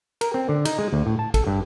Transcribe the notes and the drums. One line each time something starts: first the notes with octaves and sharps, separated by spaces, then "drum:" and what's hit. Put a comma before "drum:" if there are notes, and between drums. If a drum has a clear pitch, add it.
A#4, drum: cymbal
C4
D3
D#4, drum: cymbal
G#3
D2
A2
A5
A4, drum: kick, cymbal
G2